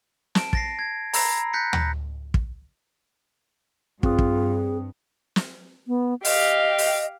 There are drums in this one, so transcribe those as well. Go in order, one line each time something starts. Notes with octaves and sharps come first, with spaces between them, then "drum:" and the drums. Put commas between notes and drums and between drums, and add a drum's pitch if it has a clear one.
A5 D7, drum: snare
A6 A#6 C7, drum: kick
G#6
A#5 B5 E6 A#6 C7, drum: open hi-hat
F#6 G6 A#6 B6 C#7
A#6, drum: tom D2
drum: kick
G2 C4 F4 G#4 D#6, drum: kick
drum: kick
drum: snare
B3
G4 D#5 F5, drum: open hi-hat
drum: open hi-hat